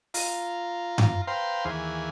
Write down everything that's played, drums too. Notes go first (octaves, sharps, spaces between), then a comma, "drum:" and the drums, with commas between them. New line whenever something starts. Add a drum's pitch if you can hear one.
F4 A#5, drum: open hi-hat
drum: tom G2
B4 C5 F5 G5 A#5 C6
D#2 E3 G#4